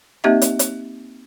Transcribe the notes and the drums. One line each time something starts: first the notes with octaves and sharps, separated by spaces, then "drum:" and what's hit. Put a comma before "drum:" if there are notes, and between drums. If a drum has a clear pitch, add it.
A#3 C4 D#4 G4 D#5 E5
drum: hi-hat
drum: hi-hat